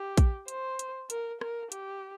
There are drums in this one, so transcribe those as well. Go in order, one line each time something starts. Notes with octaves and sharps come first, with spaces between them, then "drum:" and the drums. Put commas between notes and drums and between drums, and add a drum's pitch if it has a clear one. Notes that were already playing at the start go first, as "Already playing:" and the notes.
Already playing: G4
drum: kick A#1, hi-hat
C5, drum: hi-hat
drum: hi-hat
A#4, drum: hi-hat
A#4, drum: rim click
G4, drum: hi-hat